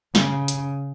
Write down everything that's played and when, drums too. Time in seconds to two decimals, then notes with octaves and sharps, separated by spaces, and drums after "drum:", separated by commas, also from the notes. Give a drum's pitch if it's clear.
0.15 C#3, drum: snare
0.48 drum: hi-hat